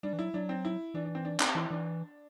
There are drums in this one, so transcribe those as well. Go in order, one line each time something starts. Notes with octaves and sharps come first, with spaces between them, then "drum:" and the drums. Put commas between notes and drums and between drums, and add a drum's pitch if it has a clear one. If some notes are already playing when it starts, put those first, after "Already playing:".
G3 D4
E3
F#3 E4
F#3 D4
C4
E4
E3 D4
D4
C4
D4
C4, drum: clap
E3 E4
E3 D4